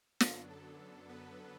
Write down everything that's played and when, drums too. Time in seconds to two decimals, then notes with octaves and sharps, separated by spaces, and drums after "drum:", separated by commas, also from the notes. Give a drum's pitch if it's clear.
0.20 F#2 D3 F#3 B3 D4 A4, drum: snare
0.50 A4
1.09 B3 B4